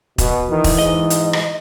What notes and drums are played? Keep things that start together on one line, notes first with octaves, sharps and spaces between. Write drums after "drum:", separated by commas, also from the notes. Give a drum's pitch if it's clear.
B2, drum: kick E1, hi-hat
D#3 E3
drum: kick E1, open hi-hat
G#2 D#5
drum: hi-hat
drum: rim click